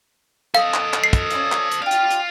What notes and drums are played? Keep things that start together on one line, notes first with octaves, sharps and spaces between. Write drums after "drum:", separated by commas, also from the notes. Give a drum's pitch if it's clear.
A4 D#5 F5, drum: hi-hat
drum: clap
drum: clap
C7
drum: kick, hi-hat
C#4 D5 F5, drum: hi-hat
drum: clap
drum: hi-hat
D4 F4 G4 F5
drum: hi-hat
drum: hi-hat